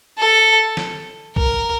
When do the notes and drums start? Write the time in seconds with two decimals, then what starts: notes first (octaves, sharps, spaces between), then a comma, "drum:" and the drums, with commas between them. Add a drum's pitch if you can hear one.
0.18 A4
0.77 drum: snare
1.36 A#4, drum: kick B1